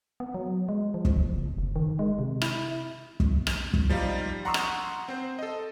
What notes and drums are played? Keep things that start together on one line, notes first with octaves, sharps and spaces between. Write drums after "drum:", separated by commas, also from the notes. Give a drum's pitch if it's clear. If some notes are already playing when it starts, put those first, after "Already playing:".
B3
F#3
G#3
F3
drum: kick
F#1
F#1
F#1
D#3
G#3
C3
E4, drum: rim click
drum: kick
drum: rim click
drum: kick
F3 G3 D#4 F4
F#5 A#5 C6 C#6 D#6 E6
drum: rim click
C4 C5
A4 D#5